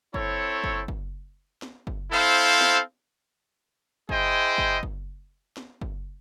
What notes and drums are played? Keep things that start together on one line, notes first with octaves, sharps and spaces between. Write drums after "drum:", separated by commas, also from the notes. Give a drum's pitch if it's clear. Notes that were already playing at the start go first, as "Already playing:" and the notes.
C4 E4 A4 C#5, drum: kick F#1
drum: kick F#1
drum: kick F#1
drum: snare
drum: kick F#1
C4 E4 A4 C5 F5
drum: snare
E4 G#4 C5 D#5 G5, drum: kick F#1
drum: kick F#1
drum: kick F#1
drum: snare
drum: kick F#1